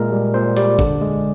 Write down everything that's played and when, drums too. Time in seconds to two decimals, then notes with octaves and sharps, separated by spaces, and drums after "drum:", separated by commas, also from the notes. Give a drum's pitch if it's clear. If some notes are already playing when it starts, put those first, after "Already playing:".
Already playing: A#2 G#3 A#4
0.12 G3
0.34 A#2 C5
0.57 G3 D5, drum: hi-hat
0.79 D3, drum: kick G#1
1.01 G#3